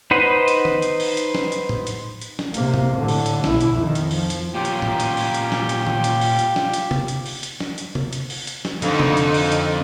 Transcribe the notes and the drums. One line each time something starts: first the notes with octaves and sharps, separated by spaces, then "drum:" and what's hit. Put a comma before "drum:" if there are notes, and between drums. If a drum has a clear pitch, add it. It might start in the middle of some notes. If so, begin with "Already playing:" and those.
D#4 B4 C5 D#5 F#5
drum: hi-hat
drum: tom D#3
drum: hi-hat
drum: open hi-hat
drum: hi-hat
drum: snare
drum: hi-hat
drum: tom A2
drum: hi-hat
drum: hi-hat
drum: snare
C3 A#3, drum: hi-hat
drum: tom A2
A2 D3
drum: open hi-hat
drum: hi-hat
B1 E4, drum: snare
drum: hi-hat
F2 D#3
drum: hi-hat
F3, drum: open hi-hat
drum: hi-hat
A#2 C#4 F4 G4 G5
drum: hi-hat
drum: tom A2
drum: hi-hat
drum: open hi-hat
drum: hi-hat
drum: snare
drum: hi-hat
drum: tom D#3
drum: hi-hat
drum: open hi-hat
drum: hi-hat
drum: snare
drum: hi-hat
drum: tom C3
drum: hi-hat
drum: open hi-hat
drum: hi-hat
drum: snare
drum: hi-hat
drum: tom C3
drum: hi-hat
drum: open hi-hat
drum: hi-hat
drum: snare
F2 D3 D#4, drum: hi-hat
drum: tom C3
drum: hi-hat
drum: open hi-hat
drum: hi-hat